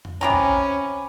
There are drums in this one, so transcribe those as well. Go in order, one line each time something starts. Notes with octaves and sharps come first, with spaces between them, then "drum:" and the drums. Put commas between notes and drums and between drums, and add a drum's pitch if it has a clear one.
drum: tom F2
C3 C#4 F#4 G#5 A#5 B5 D6
drum: kick A#1